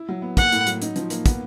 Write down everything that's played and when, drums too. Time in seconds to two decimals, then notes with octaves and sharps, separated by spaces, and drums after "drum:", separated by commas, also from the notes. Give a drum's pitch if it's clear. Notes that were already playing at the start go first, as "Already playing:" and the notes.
Already playing: E4
0.09 F#3
0.22 B3
0.37 A#3 F#5, drum: kick, hi-hat
0.52 A2, drum: hi-hat
0.67 F#3, drum: hi-hat
0.82 D#4, drum: hi-hat
0.96 F3, drum: hi-hat
1.10 A#3, drum: hi-hat
1.26 B3, drum: kick, hi-hat